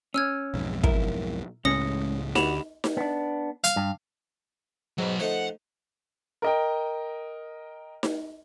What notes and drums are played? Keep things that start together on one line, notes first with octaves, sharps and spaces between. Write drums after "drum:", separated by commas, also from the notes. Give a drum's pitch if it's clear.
C#4 E6 F6 G#6
B1 F2 G#2
E4 A#4, drum: kick
C#2 A2 G#3 C#4 D#6 A#6 C#7
D2 F#4 G4 B5 F7, drum: snare D#4
drum: snare D#4
B3 D4
F5, drum: hi-hat
G2
G#2 F#3 B4
F3 A3 D#4 F#5
A#4 D#5 G5
drum: snare D#4